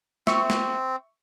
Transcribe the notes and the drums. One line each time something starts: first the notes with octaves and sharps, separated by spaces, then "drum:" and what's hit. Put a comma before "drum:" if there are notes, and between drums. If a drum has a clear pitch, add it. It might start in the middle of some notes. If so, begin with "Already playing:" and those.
C4 E5 C#6, drum: snare
drum: snare